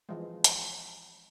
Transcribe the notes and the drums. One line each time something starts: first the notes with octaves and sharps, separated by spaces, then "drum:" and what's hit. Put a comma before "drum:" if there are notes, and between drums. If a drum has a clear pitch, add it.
E3 F3 G#3
drum: hi-hat